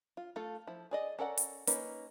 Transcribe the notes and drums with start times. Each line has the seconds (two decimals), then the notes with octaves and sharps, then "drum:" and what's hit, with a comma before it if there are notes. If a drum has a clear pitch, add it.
0.17 F4
0.36 A3 F4 A4
0.67 F3 E4
0.91 G#4 D5 D#5
1.19 C#4 A4 A#4 D5 F#5
1.37 drum: hi-hat
1.67 A#3 C#4 D#4 B4, drum: hi-hat